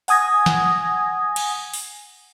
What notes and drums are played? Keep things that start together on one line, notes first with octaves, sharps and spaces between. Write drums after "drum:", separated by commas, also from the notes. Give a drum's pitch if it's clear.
F#5 G#5 D#6 G#6 A#6, drum: open hi-hat
drum: snare
drum: cymbal
drum: open hi-hat